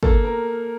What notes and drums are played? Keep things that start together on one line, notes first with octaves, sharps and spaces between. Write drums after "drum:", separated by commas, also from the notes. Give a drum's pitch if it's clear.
A#3 A4, drum: kick
A#4